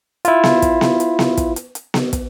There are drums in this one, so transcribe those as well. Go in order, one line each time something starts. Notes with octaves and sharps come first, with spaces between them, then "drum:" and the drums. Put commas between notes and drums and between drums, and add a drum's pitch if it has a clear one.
E4 F4, drum: hi-hat
drum: snare B3
drum: kick, hi-hat
drum: snare B3
drum: hi-hat
drum: snare B3
drum: kick, hi-hat
drum: hi-hat
drum: hi-hat
drum: snare B3
drum: kick, hi-hat